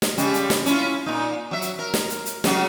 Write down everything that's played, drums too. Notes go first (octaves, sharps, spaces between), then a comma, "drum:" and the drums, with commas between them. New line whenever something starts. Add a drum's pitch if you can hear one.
drum: snare
C#3 G3 G#3, drum: hi-hat
drum: hi-hat
drum: snare
C#4 E4 F4, drum: hi-hat
A#2 D#4
F#3 E5
drum: hi-hat
A#4
drum: snare
drum: hi-hat
drum: hi-hat
C#3 F#3 F#4, drum: snare